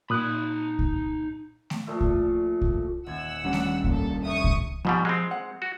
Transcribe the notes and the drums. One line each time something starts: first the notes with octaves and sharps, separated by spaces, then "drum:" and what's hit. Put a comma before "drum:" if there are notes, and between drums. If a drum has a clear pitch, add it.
A#2 D#4 B5 D#6 F#6
drum: kick C2
drum: snare A3
A#2 F3 A3
drum: kick C2
drum: kick C2
D#1 F#5 E6 G#6
D#1 G3 C#4 D4
drum: snare A3
A#2 A4, drum: kick C2
F1 E5 C#6 D#6
drum: kick C2
G#2 B2 F3 G3
G#3 C4
F#5
F#4